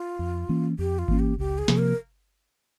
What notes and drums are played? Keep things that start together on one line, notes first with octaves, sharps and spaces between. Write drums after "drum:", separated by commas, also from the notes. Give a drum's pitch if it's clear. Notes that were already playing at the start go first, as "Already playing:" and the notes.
Already playing: F4
F2
E3 A#3 C#4
F2 G4
F4
E3 A#3 C#4, drum: kick G1
G4
C#2 G4
G#4
C3 F3 A#3, drum: snare
A#4